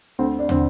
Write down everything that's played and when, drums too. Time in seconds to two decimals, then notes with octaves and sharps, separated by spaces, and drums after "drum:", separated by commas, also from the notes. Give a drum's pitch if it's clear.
0.19 D2 C4
0.39 D4
0.49 D3 C4, drum: tom